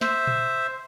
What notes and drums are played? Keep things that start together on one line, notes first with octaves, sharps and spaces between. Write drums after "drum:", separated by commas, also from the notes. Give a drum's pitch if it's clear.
C5 E5, drum: snare
drum: tom A#2